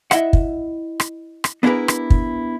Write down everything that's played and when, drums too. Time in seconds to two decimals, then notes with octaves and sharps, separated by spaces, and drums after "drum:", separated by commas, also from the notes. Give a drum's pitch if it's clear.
0.11 E4 D#5 E5 F#5, drum: rim click
0.33 drum: kick
1.00 drum: rim click
1.44 drum: rim click
1.63 B3 D4 E4 G#4 A#4 B4
1.88 drum: rim click
2.10 drum: kick